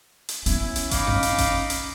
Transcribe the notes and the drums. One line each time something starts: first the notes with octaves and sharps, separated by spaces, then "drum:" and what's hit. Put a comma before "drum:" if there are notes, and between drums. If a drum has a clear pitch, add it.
drum: hi-hat
B3 C#4 E4, drum: kick G#1, hi-hat
drum: hi-hat
D#4 F5 B5 D6, drum: kick G#1, hi-hat
drum: tom F#2
drum: hi-hat
drum: kick G#1, hi-hat
drum: hi-hat